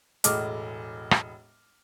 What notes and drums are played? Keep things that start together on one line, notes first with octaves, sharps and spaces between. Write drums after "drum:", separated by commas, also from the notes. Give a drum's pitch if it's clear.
E1 A2 G#4 D#5 D6 F6, drum: hi-hat
drum: rim click